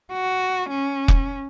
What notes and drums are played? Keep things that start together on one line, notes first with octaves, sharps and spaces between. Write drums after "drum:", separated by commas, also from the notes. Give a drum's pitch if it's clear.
F#4
C#4
drum: kick